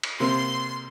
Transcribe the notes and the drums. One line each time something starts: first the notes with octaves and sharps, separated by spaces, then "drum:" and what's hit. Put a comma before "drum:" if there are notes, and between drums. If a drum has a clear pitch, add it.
drum: cymbal
C3 A#3 C4 C6